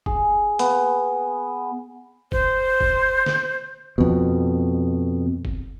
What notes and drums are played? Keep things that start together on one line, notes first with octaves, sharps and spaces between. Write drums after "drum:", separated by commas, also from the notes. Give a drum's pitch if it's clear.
G#4, drum: kick F#1
B3, drum: hi-hat
C5, drum: kick F#1
drum: kick F#1
drum: snare
F2 B2
drum: kick F#1